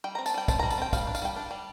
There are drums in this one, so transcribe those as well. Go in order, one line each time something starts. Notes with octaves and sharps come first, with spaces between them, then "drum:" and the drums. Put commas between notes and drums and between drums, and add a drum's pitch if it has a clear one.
G3 G5
C4 A#5
A5, drum: tambourine
G3 G5
C4 A5, drum: kick, tambourine
G3 A#5
A5, drum: tambourine
C4 G5
G3 F5, drum: kick, tambourine
D4
F5, drum: tambourine
G3 G5
D4
G3